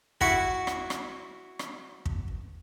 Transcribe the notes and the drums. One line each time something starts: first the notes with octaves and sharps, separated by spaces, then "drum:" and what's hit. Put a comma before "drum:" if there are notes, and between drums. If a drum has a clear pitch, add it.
E4 F#4 F#5, drum: kick
drum: rim click
drum: rim click
drum: rim click
drum: kick